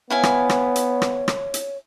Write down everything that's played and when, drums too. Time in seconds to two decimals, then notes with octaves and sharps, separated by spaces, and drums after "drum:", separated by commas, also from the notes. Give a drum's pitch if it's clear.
0.10 B3 E4 C#5 F5 G#5
0.23 drum: rim click
0.49 drum: rim click
0.76 drum: hi-hat
1.02 drum: rim click
1.28 drum: rim click
1.54 drum: hi-hat